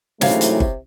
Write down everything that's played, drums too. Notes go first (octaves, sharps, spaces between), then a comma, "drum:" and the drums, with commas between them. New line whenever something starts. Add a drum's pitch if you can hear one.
G#2 C3 E3 F#3 A3 C#4 C#5 F5, drum: snare
drum: hi-hat
drum: kick G1